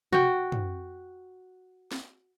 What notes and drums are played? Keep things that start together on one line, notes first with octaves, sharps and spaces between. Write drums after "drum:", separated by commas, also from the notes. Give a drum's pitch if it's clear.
F#4 G5, drum: tom
drum: tom
drum: snare